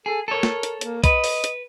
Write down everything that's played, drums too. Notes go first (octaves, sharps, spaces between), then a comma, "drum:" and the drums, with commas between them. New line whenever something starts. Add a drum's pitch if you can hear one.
G#4 A4
A4 A#4 C#5
drum: snare
drum: hi-hat
A#3, drum: hi-hat
B4 D#5, drum: kick, hi-hat
drum: open hi-hat
drum: hi-hat